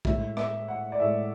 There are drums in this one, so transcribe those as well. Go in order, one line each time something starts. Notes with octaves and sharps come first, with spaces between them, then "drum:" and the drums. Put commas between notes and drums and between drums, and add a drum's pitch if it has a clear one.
A2 G#3 E5, drum: kick
E5, drum: rim click
F#5
D5
A2 G#3 E5